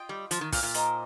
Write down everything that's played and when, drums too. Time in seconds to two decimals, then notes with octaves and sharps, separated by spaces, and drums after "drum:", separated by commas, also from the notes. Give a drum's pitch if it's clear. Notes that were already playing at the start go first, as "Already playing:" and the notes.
Already playing: F4 D#5 G5
0.09 G3
0.31 F3, drum: hi-hat
0.41 D#3
0.52 A#2, drum: kick, open hi-hat
0.63 A#2
0.74 A#3 D#4 C5, drum: hi-hat